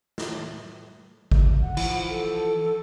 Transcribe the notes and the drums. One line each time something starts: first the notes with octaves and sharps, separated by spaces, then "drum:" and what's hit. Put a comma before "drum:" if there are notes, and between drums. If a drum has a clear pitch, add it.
drum: snare
drum: kick
F#5
E3 F3, drum: cymbal
A4